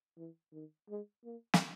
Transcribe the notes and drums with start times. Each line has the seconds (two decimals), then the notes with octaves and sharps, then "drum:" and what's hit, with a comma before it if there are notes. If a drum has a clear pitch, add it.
0.18 E3
0.53 D#3
0.89 G#3
1.25 A#3
1.54 drum: snare